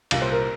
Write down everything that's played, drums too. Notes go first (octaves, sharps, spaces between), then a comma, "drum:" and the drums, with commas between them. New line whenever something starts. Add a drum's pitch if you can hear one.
C2 A#2 A#3 F4 F5, drum: cymbal
C5
A#4